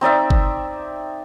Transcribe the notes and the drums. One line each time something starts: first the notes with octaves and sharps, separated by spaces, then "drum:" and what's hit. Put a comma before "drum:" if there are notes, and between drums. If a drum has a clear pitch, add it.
C4 D#4 D5 E5
drum: kick G1